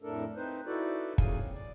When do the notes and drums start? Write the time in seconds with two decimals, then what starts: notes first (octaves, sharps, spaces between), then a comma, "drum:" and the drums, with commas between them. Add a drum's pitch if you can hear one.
0.02 F2 A2 A3 D4 A4 A#4
0.36 C4 D#4 B4 C5
0.66 D#4 E4 F#4 A4 B4 D5
1.18 D#2 C#3 F#3 G#4 F5 G#5, drum: kick
1.41 C4
1.54 D5